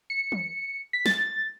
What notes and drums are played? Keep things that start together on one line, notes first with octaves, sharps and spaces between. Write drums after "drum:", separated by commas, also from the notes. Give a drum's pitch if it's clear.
C#7
drum: tom
B6
A6, drum: snare